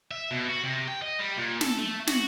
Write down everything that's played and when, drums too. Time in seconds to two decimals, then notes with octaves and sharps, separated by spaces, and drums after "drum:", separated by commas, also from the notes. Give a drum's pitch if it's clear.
0.11 E5
0.31 B2
0.49 F#4
0.64 C3
0.88 G5
1.02 D#5
1.19 G3
1.37 A#2
1.61 A4, drum: snare
1.78 A3
2.07 F#4, drum: snare